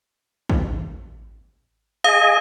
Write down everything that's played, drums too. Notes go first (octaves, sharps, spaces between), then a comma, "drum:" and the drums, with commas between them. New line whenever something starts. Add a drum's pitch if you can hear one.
drum: kick
G#4 D#5 F5